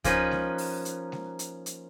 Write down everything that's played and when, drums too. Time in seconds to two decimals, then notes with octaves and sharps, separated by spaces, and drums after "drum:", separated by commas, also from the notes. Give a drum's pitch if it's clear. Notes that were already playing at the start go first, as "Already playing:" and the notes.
0.04 F3 A#3 C#4 D#4 B4, drum: kick C#2, hi-hat
0.31 drum: snare G#3
0.58 drum: open hi-hat
0.85 drum: hi-hat
1.12 drum: snare G#3
1.39 drum: hi-hat
1.66 drum: hi-hat